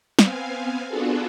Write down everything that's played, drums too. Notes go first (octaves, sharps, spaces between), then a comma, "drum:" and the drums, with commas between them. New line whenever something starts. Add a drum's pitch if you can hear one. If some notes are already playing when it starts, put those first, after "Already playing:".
B3 C4 F5 G#5, drum: snare
B3 D4 F4 F#4 G#4 A4